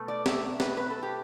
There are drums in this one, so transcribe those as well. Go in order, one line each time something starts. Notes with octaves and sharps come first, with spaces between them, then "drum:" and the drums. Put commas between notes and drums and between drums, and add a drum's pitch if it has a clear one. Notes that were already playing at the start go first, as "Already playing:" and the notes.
Already playing: B2 A3
D5
E5, drum: snare
B4, drum: snare
B4
A4
G4